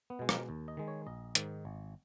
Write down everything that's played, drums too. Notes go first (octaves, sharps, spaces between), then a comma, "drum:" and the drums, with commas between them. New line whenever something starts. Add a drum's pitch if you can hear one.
B3
B2 G#3
A#4, drum: rim click
D#2
D#5
D#3 G#3
C#5
A#1 D#5
G#2 D#3, drum: hi-hat
G#1